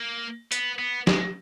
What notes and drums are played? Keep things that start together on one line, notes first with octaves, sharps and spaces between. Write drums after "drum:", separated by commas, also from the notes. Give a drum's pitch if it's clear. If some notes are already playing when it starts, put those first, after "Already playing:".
Already playing: A#3
B3, drum: hi-hat
B3
G#3, drum: snare